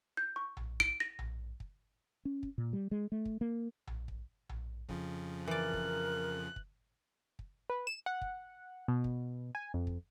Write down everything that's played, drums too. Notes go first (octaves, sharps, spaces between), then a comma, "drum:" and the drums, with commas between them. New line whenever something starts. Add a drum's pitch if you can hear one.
G6
C#6
drum: tom A#1
D7, drum: kick
A#6
drum: tom A#1
drum: kick
C#4
drum: kick
A#2
G3
G#3
A3
drum: kick
A#3
drum: tom A#1
drum: kick
drum: tom A#1
F2 C#3 F3, drum: kick
E3 A#4 D5 F#6
drum: kick
drum: kick
drum: kick
B4
E7
F#5
drum: kick
B2
drum: kick
G#5
F2
drum: kick